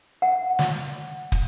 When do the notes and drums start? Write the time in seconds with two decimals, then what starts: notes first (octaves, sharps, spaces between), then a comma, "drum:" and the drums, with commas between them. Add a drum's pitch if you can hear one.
0.22 F#5
0.59 drum: snare
1.32 drum: kick